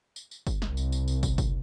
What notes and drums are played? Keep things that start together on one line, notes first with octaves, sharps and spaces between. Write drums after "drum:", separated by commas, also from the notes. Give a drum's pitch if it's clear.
drum: tambourine
drum: tambourine
drum: kick, tambourine
C2, drum: snare
drum: tambourine
drum: tambourine
drum: tambourine
drum: kick, tambourine
drum: kick, tambourine